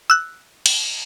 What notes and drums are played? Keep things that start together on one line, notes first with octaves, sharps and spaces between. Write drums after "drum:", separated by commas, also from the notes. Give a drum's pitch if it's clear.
E6 F#6
drum: cymbal